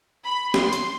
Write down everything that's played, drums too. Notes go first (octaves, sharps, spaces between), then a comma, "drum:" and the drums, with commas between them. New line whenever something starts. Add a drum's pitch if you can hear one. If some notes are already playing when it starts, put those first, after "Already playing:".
B5
C6, drum: snare
drum: hi-hat